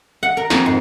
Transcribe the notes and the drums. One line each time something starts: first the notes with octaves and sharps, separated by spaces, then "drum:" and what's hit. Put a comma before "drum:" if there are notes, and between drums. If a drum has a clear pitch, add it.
F#5
A#4
F2, drum: snare
G#2